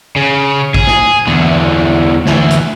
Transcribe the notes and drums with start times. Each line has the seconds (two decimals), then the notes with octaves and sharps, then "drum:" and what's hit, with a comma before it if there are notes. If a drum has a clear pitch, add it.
0.16 C#3
0.74 G#4, drum: kick
0.87 drum: snare
1.27 E2 D3
2.26 D2 E3, drum: snare
2.51 drum: hi-hat